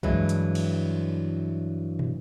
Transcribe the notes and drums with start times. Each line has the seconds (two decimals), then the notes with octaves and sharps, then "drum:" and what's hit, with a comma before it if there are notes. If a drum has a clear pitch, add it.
0.03 G2 E3 F#3 G#3 E4, drum: kick
0.29 drum: hi-hat
0.55 drum: cymbal
1.99 drum: tom